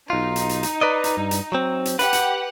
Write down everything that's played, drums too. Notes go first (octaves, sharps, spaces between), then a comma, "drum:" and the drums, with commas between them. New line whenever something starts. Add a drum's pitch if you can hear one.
B1 D#4 F4
drum: hi-hat
drum: hi-hat
drum: hi-hat
B4 D5 D#5
drum: hi-hat
G2
drum: hi-hat
F#3 C4
drum: hi-hat
G4 B4 F#5, drum: hi-hat
drum: hi-hat